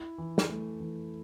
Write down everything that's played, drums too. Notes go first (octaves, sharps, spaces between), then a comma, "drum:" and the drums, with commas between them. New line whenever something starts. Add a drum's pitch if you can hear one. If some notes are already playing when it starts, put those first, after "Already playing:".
Already playing: E4
E3
drum: snare
A3
E3